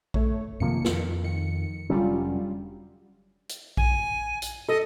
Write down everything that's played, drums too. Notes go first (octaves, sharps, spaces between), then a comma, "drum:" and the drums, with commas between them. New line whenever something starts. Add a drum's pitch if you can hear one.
A3 C#5, drum: kick A#1
F#2 C3 D#3 F3 A#3 C#7
F2, drum: snare
D#3 C#7
F1 D3 F#3 G3 C#4 F4
drum: hi-hat
G#5, drum: kick A#1
drum: hi-hat
A4 D#5